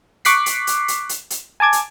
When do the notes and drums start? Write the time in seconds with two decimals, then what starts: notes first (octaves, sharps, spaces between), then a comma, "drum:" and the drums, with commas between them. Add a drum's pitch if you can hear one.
0.25 C#6 D6 F#6 B6 C7, drum: hi-hat
0.46 drum: hi-hat
0.67 drum: hi-hat
0.88 drum: hi-hat
1.09 drum: hi-hat
1.30 drum: hi-hat
1.60 G#5 A5 D6 G#6
1.73 drum: hi-hat